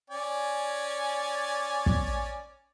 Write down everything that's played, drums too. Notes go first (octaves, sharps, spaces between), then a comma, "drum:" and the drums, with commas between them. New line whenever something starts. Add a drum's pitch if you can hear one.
C#4 D5 G#5
drum: kick